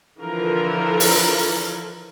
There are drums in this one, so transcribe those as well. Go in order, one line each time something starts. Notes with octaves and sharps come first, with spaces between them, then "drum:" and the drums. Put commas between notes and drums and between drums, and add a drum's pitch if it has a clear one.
D3 E3 F3 F4 A4 A#4
drum: open hi-hat